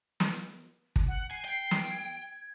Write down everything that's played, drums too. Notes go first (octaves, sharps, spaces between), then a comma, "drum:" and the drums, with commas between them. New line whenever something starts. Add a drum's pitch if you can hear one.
drum: snare
drum: kick
F#5
G#5 C7
G5
drum: snare
G#6